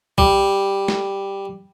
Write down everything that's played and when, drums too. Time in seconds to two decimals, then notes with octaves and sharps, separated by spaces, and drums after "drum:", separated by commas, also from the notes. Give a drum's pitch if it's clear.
0.18 G3, drum: kick B1
0.88 drum: snare